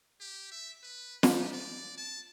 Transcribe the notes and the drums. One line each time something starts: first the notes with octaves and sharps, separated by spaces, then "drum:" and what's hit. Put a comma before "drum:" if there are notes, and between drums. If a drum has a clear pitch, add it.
G4
E5
B4
G4, drum: snare
D5
A5